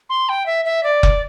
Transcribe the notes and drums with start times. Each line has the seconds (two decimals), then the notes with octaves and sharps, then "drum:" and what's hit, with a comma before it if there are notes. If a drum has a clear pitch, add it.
0.10 C6
0.29 G5
0.46 E5
0.65 E5
0.83 D5
1.03 drum: kick F1